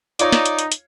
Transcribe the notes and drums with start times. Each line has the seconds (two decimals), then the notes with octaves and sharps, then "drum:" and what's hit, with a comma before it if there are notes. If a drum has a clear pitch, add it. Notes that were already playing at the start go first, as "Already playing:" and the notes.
0.19 D#4 F4 C#5 D5, drum: hi-hat
0.32 drum: snare
0.45 drum: hi-hat
0.59 drum: hi-hat
0.72 drum: hi-hat